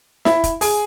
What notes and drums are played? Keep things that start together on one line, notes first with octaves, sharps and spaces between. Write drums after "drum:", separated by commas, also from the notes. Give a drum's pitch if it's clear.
E4 E5, drum: snare
drum: kick, hi-hat
G#4 G#5, drum: open hi-hat